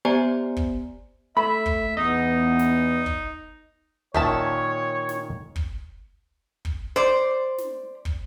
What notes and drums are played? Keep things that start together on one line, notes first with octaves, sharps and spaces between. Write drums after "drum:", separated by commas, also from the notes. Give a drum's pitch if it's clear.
B3 G4 C5 D5 G#5 A#5
drum: kick
A3 E5 B5
drum: kick
E2 B3 D#4 D#5
drum: snare
drum: kick
A#2 D#3 C#4 C#5 E5 A5, drum: kick
drum: snare
drum: kick
drum: kick
C5 D5
drum: snare
drum: kick